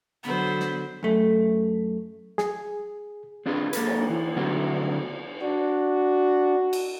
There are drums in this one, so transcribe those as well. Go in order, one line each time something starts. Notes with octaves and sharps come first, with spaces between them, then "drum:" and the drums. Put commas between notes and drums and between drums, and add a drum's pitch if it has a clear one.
D3 F#3 B3 C5 B5
drum: snare
F#2 A3
G#4, drum: snare
C4 D4 F4 G#4 B4
A#3 A4 B4, drum: hi-hat
drum: cymbal
E3
D3 F#3 A3 B3 C4 F#4
D4 F#4
drum: cymbal